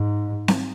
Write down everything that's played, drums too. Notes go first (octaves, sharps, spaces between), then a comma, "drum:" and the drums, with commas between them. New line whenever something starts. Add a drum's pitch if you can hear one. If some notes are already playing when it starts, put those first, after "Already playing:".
Already playing: G#2
drum: snare C4